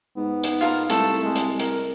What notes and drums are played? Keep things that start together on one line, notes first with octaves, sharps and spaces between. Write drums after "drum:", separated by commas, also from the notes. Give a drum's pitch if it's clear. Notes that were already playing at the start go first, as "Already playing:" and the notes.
G#2 B3
drum: hi-hat
F4 A4 A#4
C2 A3 A4, drum: hi-hat
G#3
drum: hi-hat
A#4, drum: hi-hat